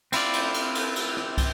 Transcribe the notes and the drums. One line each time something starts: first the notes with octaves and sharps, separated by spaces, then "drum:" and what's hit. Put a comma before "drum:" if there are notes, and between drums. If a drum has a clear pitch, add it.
C4 E4 F4 D5, drum: cymbal
drum: cymbal
drum: cymbal
drum: cymbal
drum: cymbal
drum: rim click
drum: kick, cymbal